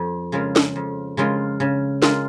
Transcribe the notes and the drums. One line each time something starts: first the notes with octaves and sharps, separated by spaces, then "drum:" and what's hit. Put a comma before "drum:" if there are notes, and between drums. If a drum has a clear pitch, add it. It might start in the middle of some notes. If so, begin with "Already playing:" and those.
Already playing: F2
C#3 G#3 F4 A#4
drum: snare
F2
C#3 G#3 F4 A#4
C#3
G#3 F4 A#4, drum: snare